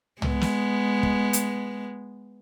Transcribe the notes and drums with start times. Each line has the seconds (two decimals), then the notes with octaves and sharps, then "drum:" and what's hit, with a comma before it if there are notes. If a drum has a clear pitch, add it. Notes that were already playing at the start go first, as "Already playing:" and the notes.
0.22 G#3 B3, drum: tom
0.41 drum: snare
1.03 drum: kick
1.33 drum: hi-hat